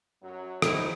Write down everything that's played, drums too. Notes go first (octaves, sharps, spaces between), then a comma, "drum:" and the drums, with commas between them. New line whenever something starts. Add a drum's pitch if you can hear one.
F#2 F#3
F3 D#4 E4, drum: rim click